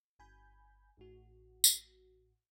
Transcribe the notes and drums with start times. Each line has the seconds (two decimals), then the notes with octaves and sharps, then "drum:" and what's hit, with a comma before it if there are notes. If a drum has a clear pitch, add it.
0.19 G1 G#5 B5 G6
0.97 A1 A2 F#4
1.64 drum: tambourine